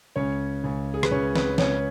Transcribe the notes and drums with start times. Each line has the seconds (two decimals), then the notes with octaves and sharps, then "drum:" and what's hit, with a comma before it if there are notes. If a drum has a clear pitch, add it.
0.16 C#2 C#4 C#5
0.64 C#2
0.94 G#4
1.03 B4, drum: rim click
1.11 C#2 C#4 C#5
1.36 B4, drum: snare
1.58 C#2 C#4 C#5, drum: snare